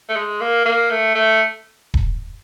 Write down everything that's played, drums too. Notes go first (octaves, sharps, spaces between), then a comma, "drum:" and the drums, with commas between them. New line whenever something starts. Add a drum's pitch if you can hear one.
A3
G#3
A#3
A#3
A3
A3
drum: kick D#1